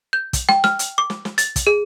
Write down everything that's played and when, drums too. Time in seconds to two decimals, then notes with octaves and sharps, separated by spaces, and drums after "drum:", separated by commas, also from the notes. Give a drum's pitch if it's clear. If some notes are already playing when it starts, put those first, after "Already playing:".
0.13 G6
0.33 drum: kick, hi-hat
0.49 G5, drum: snare
0.64 F6, drum: snare
0.79 drum: hi-hat
0.98 D6
1.10 drum: snare
1.25 drum: snare
1.38 A6, drum: hi-hat
1.56 drum: kick, hi-hat
1.67 G#4